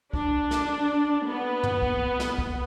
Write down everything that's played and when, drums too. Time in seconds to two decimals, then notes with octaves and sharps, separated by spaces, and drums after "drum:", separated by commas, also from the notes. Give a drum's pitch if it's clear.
0.14 D4, drum: kick
0.51 drum: snare
1.27 B3
1.63 drum: tom
1.82 drum: kick
2.20 drum: snare
2.38 drum: kick